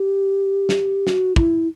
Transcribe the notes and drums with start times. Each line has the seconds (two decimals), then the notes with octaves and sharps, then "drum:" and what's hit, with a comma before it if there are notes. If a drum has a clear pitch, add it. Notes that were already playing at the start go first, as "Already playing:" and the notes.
Already playing: G4
0.69 drum: snare
1.07 F#4, drum: snare
1.36 E4, drum: kick